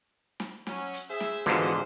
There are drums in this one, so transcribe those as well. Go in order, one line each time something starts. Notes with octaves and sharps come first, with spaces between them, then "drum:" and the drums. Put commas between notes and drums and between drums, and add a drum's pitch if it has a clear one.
drum: snare
F#3 C#4, drum: snare
drum: hi-hat
G#4 C5 E5
drum: snare
G#2 D3 E3 B3 F4 F#4 C5, drum: snare